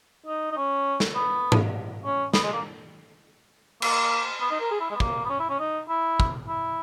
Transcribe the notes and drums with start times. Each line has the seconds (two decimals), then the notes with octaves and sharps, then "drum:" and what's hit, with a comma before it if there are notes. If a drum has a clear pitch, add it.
0.26 D#4
0.52 D#4
0.57 C#4
1.00 drum: snare
1.15 B3
1.52 drum: tom G#2
2.05 C#4
2.34 B3, drum: snare
2.44 G#3
2.53 A#3
3.82 A#3, drum: cymbal
4.41 B3
4.51 D#4
4.60 A#4
4.71 G#4
4.80 E4
4.90 G#3
4.96 B3
5.00 A#3, drum: kick
5.25 B3
5.30 C#4
5.40 E4
5.50 C#4
5.60 D#4
5.89 E4
6.20 drum: kick
6.48 E4